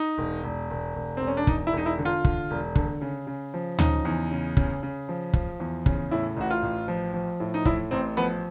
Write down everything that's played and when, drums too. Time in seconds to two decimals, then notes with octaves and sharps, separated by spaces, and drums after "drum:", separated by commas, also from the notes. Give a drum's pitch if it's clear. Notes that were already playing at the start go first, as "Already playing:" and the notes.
Already playing: D#4
0.18 E1
0.43 E1
0.70 E1
0.95 E1
1.17 E1 C4
1.27 C#4
1.37 D4
1.47 E1 D#4, drum: kick
1.67 E4
1.73 E1 D#4
1.86 E4
1.98 D3
2.05 F4
2.25 D3, drum: kick
2.50 E1
2.76 D3, drum: kick
3.01 C#3
3.27 C#3
3.54 F3
3.79 C#3 D#4, drum: tom D2
4.05 E2
4.31 C#3
4.57 C#3, drum: kick
4.83 C#3
5.09 F3
5.33 F3, drum: kick
5.60 E2
5.86 C#3, drum: kick
6.11 A2 E4
6.37 A1 F#4
6.50 F4
6.63 A1
6.88 F3
7.14 F3
7.40 A2
7.54 D#4
7.65 A2 E4, drum: kick
7.91 A1 C4
8.17 F3 B3